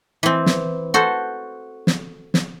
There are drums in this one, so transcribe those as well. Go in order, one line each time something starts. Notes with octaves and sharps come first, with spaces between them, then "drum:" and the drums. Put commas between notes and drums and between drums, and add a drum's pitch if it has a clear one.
E3 C4
drum: snare
F#4 A4 C5
drum: snare
drum: snare